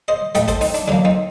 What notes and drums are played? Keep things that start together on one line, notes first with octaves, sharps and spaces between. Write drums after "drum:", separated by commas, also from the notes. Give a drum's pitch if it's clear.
C5 D#5
A2 A3 D#5 G5, drum: hi-hat
A4 C5, drum: kick, hi-hat
C4 D#4, drum: open hi-hat
D4, drum: hi-hat
D3 F#3 A#3 D4
C4 D#4